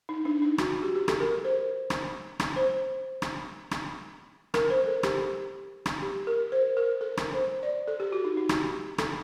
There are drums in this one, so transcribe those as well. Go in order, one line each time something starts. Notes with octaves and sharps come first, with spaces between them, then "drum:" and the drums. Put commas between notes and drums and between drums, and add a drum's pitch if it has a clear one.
D#4
D4
D#4
F#4, drum: rim click
F#4
G4
G4
A4, drum: rim click
A#4
C5
drum: rim click
drum: rim click
C5
drum: rim click
drum: rim click
A#4, drum: rim click
C5
A4
G4, drum: rim click
drum: rim click
G4
A#4
C5
A#4
A4
drum: rim click
C5
D5
A4
G4
F#4
D#4
D#4
G4, drum: rim click
A4, drum: rim click